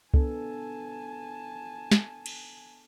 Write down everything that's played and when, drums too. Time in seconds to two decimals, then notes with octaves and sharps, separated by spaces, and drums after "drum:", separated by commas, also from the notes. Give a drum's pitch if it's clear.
0.14 B3 D4 A4 G#5 A5, drum: kick
1.92 drum: snare
2.26 drum: cymbal